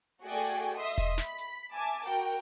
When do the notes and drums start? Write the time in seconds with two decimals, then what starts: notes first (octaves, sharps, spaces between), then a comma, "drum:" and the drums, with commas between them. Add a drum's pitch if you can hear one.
0.25 A3 F#4 G#4 D5 G5 G#5
0.77 D#5 E5 C6 D#6
0.98 drum: kick E1, hi-hat
1.18 B5 B6, drum: snare
1.38 drum: hi-hat
1.74 E5 G#5 A5 D6
2.06 F#4 A#4 G5